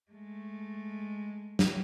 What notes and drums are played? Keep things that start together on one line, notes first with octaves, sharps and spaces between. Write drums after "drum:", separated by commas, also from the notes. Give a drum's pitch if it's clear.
G#3 A3
drum: snare